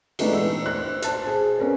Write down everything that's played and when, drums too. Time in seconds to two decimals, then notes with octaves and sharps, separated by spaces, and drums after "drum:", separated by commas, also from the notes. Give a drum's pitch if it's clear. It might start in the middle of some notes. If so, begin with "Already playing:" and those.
0.19 E3 G#3 A3 B3 D4 D#4, drum: cymbal
0.34 E6
0.62 C5 F#6
1.02 C5 A5, drum: hi-hat
1.27 G#4
1.58 B3 C#4 A#4 C5